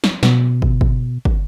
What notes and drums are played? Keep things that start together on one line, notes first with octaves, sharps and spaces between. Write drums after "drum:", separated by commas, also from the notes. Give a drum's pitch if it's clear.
drum: snare
B2, drum: snare
drum: kick
drum: kick
drum: kick